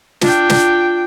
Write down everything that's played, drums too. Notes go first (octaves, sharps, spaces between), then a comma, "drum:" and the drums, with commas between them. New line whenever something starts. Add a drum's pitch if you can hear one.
D4 F4 G5, drum: snare
drum: snare